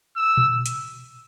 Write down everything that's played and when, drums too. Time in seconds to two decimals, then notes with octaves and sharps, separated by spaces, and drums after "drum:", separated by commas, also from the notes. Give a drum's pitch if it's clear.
0.16 E6
0.37 drum: tom A#2
0.66 drum: hi-hat